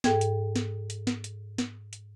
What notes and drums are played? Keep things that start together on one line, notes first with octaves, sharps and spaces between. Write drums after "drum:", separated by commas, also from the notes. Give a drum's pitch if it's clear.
G#2 A4 G5 G#6, drum: snare
drum: hi-hat
drum: snare
drum: hi-hat
drum: snare
drum: hi-hat
drum: snare
drum: hi-hat